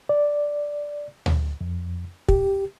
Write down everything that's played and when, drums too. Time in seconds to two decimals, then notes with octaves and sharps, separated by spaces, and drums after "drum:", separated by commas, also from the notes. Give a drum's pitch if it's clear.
0.09 D5
1.26 drum: tom D2
1.61 F2
2.28 G4, drum: kick